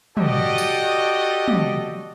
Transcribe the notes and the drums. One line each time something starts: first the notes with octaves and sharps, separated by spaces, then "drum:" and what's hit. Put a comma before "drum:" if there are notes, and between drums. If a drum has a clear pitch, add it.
F#4 G4 A4 D5 D#5, drum: tom
drum: tambourine
drum: tom